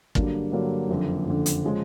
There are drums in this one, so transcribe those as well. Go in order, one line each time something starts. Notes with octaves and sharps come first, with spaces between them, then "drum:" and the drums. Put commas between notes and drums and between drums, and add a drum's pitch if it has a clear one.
G2 D3 F#3 A#3 D4, drum: kick
G2 D3 F#3 A#3 D4
F#1 F2 D3
F#1 F2 D3
drum: hi-hat
C#3 F3 G#3